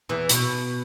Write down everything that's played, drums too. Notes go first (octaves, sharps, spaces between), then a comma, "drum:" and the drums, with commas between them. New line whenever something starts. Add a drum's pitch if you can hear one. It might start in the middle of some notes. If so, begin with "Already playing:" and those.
E2 E3
B2, drum: hi-hat